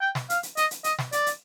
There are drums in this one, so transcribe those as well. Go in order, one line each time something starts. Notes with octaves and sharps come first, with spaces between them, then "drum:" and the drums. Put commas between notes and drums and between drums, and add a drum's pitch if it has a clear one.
G5
drum: snare
F5, drum: hi-hat
drum: hi-hat
D#5, drum: hi-hat
drum: hi-hat
D#5, drum: hi-hat
drum: snare
D5, drum: hi-hat
drum: hi-hat